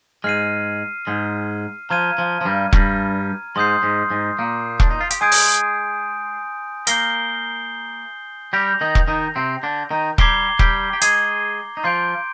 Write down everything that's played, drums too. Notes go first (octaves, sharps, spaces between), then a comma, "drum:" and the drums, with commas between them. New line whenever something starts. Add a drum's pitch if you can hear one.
G#2 G#3 F6 C7 D#7
G#2 G#3
F3 A#5 F6 G#6 D#7
F3
F3
G2 G3
G2 G3, drum: kick E1
G#2 G#3 C6 D#6 G6 C7
G#2 G#3
G#2 G#3
A#2 A#3
D4, drum: kick E1
D#4
F4
G4, drum: hi-hat
G#3 G#4 G#5 D#6 G6 D7
drum: open hi-hat
A#3 A#4 G6 C7 G7, drum: hi-hat
G3 G4 G6 A#6 F7
D#3 D#4
drum: kick E1
D#3 D#4
C3 C4
D3 D4
D#3 D#4
G3 G4 A#5 D6 G#6 C7 G7, drum: kick E1
G3 G4, drum: kick E1
G4
G#3 G#4, drum: hi-hat
D#4
F3 F4 C6 G6 D7